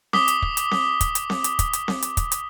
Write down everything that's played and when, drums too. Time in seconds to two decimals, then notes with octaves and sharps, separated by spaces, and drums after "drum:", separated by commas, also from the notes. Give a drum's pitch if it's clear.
0.13 D6 D#6 B6 G7, drum: snare C4
0.28 drum: hi-hat
0.42 drum: kick
0.57 drum: hi-hat
0.71 drum: snare C4
1.01 drum: kick, hi-hat
1.15 drum: hi-hat
1.30 drum: snare C4
1.44 drum: hi-hat
1.59 drum: kick, hi-hat
1.73 drum: hi-hat
1.88 drum: snare C4
2.02 drum: hi-hat
2.17 drum: kick, hi-hat
2.32 drum: hi-hat